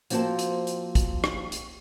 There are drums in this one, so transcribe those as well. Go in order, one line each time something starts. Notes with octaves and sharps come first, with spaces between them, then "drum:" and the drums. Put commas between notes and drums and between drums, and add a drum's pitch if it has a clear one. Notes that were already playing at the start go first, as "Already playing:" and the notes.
F3 A#3 C4 F#4 C5 A5, drum: hi-hat
drum: hi-hat
drum: hi-hat
drum: kick, hi-hat
drum: rim click
drum: hi-hat